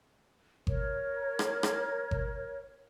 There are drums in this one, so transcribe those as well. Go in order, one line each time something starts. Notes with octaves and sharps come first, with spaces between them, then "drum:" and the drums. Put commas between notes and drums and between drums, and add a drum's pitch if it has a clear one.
A#4 C#5, drum: kick G1
drum: rim click
drum: rim click
drum: kick G1